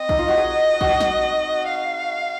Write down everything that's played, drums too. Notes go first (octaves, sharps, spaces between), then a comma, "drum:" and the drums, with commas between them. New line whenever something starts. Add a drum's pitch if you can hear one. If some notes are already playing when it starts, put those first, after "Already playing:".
Already playing: C4 D#5
D#4, drum: kick A#1
F4
F#4
G#4
F#4, drum: kick A#1
drum: snare
F5